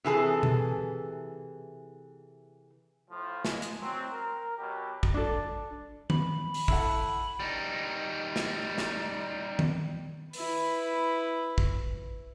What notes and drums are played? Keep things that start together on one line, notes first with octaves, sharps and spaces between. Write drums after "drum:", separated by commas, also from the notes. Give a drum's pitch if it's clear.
C3 E3 G#4 A4
drum: tom B2
A2 F3
G#3, drum: snare
drum: hi-hat
F#3 C4
A#4
B2 F#3 G4
drum: kick
D4 A4
B5, drum: tom D#3
drum: open hi-hat
E4 A4 F#5, drum: kick
G3 D#4
drum: snare
drum: snare
drum: tom D#3
E4 B4, drum: open hi-hat
drum: kick